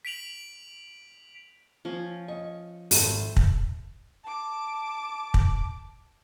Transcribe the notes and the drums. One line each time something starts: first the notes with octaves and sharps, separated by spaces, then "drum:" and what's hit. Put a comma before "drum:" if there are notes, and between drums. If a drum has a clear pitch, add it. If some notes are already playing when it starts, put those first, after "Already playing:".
B6 D7 F7 F#7
F3 C#4
D#5 C#6
G#1 A3 C5 A5, drum: open hi-hat
drum: kick
A5 D6
drum: kick